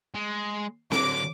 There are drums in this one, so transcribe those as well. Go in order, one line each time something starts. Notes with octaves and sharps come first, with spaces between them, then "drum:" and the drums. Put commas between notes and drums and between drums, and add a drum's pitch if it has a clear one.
G#3
D3 F#3 D6, drum: snare C4